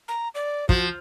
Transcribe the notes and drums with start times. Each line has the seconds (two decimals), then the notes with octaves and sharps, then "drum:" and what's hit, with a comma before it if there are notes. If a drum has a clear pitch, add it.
0.08 A#5
0.35 D5
0.69 F3 F#4, drum: kick